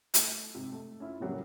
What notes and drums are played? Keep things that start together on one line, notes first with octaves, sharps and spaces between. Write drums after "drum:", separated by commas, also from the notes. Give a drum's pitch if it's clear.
A3, drum: hi-hat
G#2 C3
A3
C#4 E4 F4
A2 C#3 F#3 G3 A#3